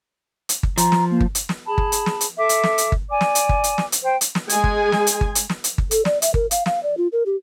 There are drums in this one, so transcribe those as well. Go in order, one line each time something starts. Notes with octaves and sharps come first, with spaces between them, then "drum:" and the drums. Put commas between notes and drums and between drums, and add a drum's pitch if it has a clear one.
drum: hi-hat
drum: kick G1
F3 A#5, drum: hi-hat
drum: snare
A#3
drum: kick G1
drum: hi-hat
drum: snare
G#4 A5 B5
drum: kick G1
drum: hi-hat
drum: snare
drum: hi-hat
A4 E5 D6
drum: hi-hat
drum: snare
drum: hi-hat
drum: kick G1
D5 G#5 D6
drum: snare
drum: hi-hat
drum: kick G1
drum: hi-hat
drum: snare
drum: hi-hat
C5 G5
drum: hi-hat
drum: snare
G#3 G#4 G#5, drum: hi-hat
drum: kick G1
drum: snare
drum: hi-hat
drum: kick G1
drum: hi-hat
drum: snare
drum: hi-hat
drum: kick G1
A4, drum: hi-hat
D5, drum: snare
E5, drum: hi-hat
A#4, drum: kick G1
F5, drum: hi-hat
F5, drum: snare
D5
F4
A#4
G4